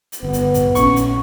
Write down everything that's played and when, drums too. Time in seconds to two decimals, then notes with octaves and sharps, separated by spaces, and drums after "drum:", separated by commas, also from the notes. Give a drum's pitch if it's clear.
0.12 drum: hi-hat
0.23 G1 B3
0.33 drum: hi-hat
0.54 drum: kick, hi-hat
0.75 A#1 C4 C#4 C#6, drum: hi-hat
0.96 drum: hi-hat